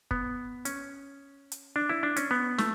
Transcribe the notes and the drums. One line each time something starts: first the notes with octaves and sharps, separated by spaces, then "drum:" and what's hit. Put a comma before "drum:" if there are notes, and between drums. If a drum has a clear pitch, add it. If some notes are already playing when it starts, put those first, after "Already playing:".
B3, drum: kick
C#4, drum: hi-hat
drum: hi-hat
D4
E4
D4
C#4, drum: hi-hat
B3
A3, drum: snare